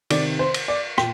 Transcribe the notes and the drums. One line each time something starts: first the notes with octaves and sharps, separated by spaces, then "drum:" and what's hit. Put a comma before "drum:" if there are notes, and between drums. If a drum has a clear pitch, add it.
C3 D#3 D5, drum: cymbal
C5
drum: cymbal
D5
A#2 G5, drum: rim click